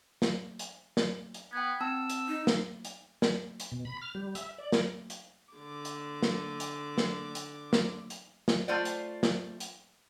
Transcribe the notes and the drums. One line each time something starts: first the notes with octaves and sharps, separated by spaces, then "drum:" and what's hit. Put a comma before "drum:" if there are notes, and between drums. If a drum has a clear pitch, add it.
drum: snare
drum: hi-hat
drum: snare
drum: hi-hat
B3 G5 G#6
C4 A5 E6
drum: hi-hat
D#4
drum: snare
drum: hi-hat
drum: snare
drum: hi-hat
B2
B5
F6
G3
E5, drum: hi-hat
D5
A#4, drum: snare
drum: hi-hat
D3 D6
drum: hi-hat
drum: snare
drum: hi-hat
drum: snare
drum: hi-hat
drum: snare
drum: hi-hat
drum: snare
A3 F4 C5 D5
drum: hi-hat
drum: snare
drum: hi-hat